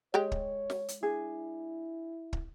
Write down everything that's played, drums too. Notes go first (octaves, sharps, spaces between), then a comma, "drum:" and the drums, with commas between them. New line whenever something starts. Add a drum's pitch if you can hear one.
G#3 G4 C#5 G5
drum: kick
drum: snare
drum: hi-hat
D4 E4 G#4
drum: kick